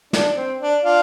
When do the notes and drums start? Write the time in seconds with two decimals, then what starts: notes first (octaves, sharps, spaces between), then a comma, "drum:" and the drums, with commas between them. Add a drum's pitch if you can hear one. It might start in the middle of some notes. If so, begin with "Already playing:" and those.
0.13 D4, drum: snare
0.36 C4
0.60 D4
0.83 D4 F4